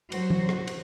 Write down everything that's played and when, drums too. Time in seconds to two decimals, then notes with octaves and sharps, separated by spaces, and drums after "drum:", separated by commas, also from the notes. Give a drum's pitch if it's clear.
0.12 F#3 F#4 C5, drum: cymbal
0.30 drum: tom
0.49 drum: rim click
0.67 drum: cymbal